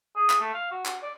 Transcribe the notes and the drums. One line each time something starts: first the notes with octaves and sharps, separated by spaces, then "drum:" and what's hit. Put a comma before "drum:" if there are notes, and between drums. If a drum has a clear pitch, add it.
G#4
drum: clap
A3
F5
F#4
F#4, drum: clap
D5